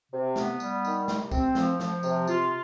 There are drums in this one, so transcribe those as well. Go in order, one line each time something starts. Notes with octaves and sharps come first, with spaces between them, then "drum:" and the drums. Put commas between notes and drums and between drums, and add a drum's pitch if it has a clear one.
C3
B3, drum: snare
G3, drum: tambourine
D#3, drum: tambourine
C3, drum: snare
C4, drum: kick, tambourine
F3, drum: snare
F3, drum: snare
C3, drum: tambourine
F4, drum: tambourine